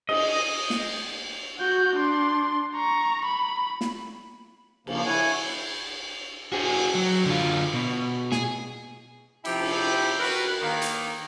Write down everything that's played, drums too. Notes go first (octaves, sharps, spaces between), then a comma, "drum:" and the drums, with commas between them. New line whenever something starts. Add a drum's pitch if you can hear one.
D#5, drum: cymbal
drum: snare
F#4 G6
D4 C6
A#5 C#6
B5
drum: snare
C#3 F3 A#3, drum: cymbal
E4 C#5 F#5 G#5
F#4 G#4, drum: cymbal
F#3
D3 F4
B2
G#4, drum: snare
C3 F3 E4 G4 G5, drum: cymbal
drum: cymbal
F#4 A#4 B4
D#3 A#3
drum: hi-hat